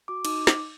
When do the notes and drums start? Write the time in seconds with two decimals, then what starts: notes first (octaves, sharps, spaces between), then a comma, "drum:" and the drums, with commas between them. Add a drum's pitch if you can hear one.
0.08 F#4 D6
0.25 D#4 D6, drum: cymbal
0.47 drum: snare